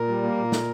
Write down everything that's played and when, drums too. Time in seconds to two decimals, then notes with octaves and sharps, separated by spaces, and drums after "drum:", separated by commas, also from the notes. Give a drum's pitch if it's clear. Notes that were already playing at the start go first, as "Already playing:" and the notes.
Already playing: A#2 A#4
0.08 G3
0.23 A#3
0.37 A#2
0.52 drum: snare